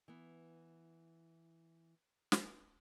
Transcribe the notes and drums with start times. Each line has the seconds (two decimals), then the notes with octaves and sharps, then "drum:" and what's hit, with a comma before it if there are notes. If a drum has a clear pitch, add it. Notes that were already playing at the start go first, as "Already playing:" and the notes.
0.08 E3 B3
2.32 drum: snare